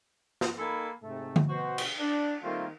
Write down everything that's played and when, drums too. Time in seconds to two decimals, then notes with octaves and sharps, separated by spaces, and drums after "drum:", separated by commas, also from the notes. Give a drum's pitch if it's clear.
0.41 drum: snare
0.59 A#3 D#4 A4 G#5 B5
1.03 G#2 C3 A3
1.36 drum: tom D3
1.48 B2 F#4 C5
1.78 drum: cymbal
2.00 D4
2.43 D#3 G3 A3 A#3 C4 F4